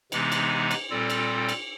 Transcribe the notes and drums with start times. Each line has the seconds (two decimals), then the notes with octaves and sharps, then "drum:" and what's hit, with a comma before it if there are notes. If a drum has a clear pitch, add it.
0.12 C3 E3 G#3 B3 D#4, drum: cymbal
0.32 drum: cymbal
0.71 drum: cymbal
0.90 A#2 G3 C4 F4 A4
1.10 drum: cymbal
1.49 drum: cymbal